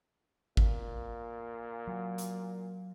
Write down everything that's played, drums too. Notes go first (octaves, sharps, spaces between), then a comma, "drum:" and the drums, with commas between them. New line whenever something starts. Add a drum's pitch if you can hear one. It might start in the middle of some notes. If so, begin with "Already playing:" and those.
A#2, drum: kick G#1
F#3
drum: hi-hat